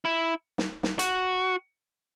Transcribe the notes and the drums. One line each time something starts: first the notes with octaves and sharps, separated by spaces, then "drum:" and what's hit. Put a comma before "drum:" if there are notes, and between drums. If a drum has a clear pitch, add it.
E4
drum: snare
drum: snare
F#4, drum: hi-hat